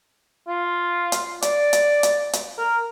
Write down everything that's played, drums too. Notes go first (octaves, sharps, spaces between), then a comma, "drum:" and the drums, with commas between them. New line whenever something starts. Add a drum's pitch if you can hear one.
F4
drum: hi-hat
D5, drum: hi-hat
drum: hi-hat
drum: hi-hat
drum: hi-hat
A#4